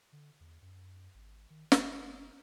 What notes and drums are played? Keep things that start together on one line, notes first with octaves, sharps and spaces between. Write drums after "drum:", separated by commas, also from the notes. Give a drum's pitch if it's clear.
D3
E2
F#2
G#1
D#3
F#1, drum: snare